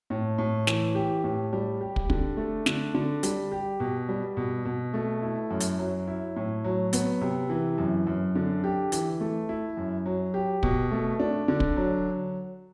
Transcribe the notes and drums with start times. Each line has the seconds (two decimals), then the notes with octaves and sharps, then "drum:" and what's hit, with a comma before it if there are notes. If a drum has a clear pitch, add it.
0.10 A2
0.38 A2
0.67 E3, drum: snare
0.95 G4
1.24 A2
1.53 G3
1.81 G4
1.96 drum: kick
2.10 D3, drum: kick
2.37 A3
2.66 D3, drum: snare
2.95 D3
3.23 G3, drum: hi-hat
3.52 G4
3.80 B2
4.09 G3
4.37 B2
4.65 B2
4.94 A3
5.22 E4
5.51 F#2
5.60 drum: hi-hat
5.79 F#3
6.07 E4
6.36 A2
6.64 F#3
6.93 B3, drum: hi-hat
7.21 C3
7.50 E3
7.78 F#2
8.07 F#2
8.35 D3
8.64 G4
8.92 E3, drum: hi-hat
9.21 A3
9.49 E4
9.77 F#2
10.06 F#3
10.34 G4
10.63 B2, drum: kick
10.91 A3
11.20 D4
11.48 D3
11.60 drum: kick
11.76 F#3